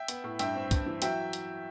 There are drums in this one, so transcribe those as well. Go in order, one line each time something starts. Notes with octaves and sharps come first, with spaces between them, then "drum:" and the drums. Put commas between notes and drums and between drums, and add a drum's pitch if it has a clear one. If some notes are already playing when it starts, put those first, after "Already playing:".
Already playing: E5 G5
B3, drum: hi-hat
A2
G2 E5 G5, drum: hi-hat
C4
G2, drum: kick C2, hi-hat
E3
F#3 E5 G5, drum: hi-hat
drum: hi-hat